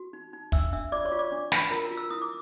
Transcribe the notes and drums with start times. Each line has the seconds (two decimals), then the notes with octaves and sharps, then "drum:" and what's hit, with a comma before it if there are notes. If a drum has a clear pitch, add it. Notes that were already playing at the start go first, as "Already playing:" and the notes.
Already playing: F#4
0.13 D#4
0.33 D#4
0.52 D4 E5 E6, drum: kick
0.72 D4 E5 E6
0.92 F4 D5 D6
1.05 C#5 C#6
1.12 F4
1.19 D5 D6
1.32 D4
1.52 D4 B4 B5, drum: snare
1.71 F4 A#4 A#5
1.85 A#4 A#5
1.91 F4
1.97 E6
2.10 E4 D#6
2.22 D6